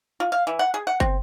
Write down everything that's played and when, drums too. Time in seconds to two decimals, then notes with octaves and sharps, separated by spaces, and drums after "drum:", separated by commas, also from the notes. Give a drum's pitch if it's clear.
0.20 F4
0.32 F5
0.47 E3
0.59 F#5
0.74 G#4
0.87 F#5
1.00 C4, drum: kick